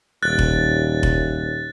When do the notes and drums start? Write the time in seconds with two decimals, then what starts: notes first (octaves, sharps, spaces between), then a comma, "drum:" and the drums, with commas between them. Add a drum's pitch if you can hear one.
0.23 D#1 F#6 A6
0.39 drum: kick F1
1.03 drum: kick F1